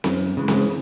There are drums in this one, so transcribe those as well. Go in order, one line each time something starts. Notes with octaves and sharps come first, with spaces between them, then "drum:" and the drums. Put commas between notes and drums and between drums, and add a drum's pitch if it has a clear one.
F#2, drum: snare C4
C#3 E3 G#3
drum: snare C4